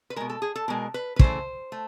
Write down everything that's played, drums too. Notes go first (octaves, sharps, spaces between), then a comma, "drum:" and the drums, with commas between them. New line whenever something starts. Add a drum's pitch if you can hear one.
B4
B2 G#3 A#4
A4
G#4
A4
B2 G#3 A#4
B4
B4
C#3 E3 A3 C5, drum: kick
A3